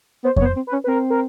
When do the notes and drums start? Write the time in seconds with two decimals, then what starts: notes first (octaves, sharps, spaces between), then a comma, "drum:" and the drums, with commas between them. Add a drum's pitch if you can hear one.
0.24 B3 C5
0.36 C#5, drum: kick F2
0.41 B3
0.46 C5
0.56 C4
0.67 B4
0.73 C#4
0.84 B4
0.88 C4 A#4
1.10 A#4